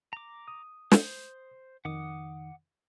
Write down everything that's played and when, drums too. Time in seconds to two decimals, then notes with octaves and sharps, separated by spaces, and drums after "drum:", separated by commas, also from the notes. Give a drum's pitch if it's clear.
0.13 A#5 D6
0.48 D#6
0.92 C5, drum: snare
1.85 F2 D#3 F#5 D6 D#6